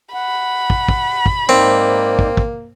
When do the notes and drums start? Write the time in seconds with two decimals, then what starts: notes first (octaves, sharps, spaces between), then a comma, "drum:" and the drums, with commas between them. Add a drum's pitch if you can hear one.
0.14 F#5 B5
0.70 drum: kick
0.89 drum: kick
1.26 drum: kick
1.49 G#2 A#3 C4 D#4 D5
2.19 drum: kick
2.37 drum: kick